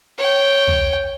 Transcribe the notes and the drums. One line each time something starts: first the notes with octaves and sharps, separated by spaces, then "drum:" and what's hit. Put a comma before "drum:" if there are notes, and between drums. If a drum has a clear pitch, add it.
C#5 G5
drum: tom